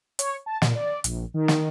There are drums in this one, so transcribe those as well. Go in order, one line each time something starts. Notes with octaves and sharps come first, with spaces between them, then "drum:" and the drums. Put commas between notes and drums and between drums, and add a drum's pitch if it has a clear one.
C#5, drum: hi-hat
A5
A#2, drum: snare
D5
A#1, drum: hi-hat
D#3
drum: snare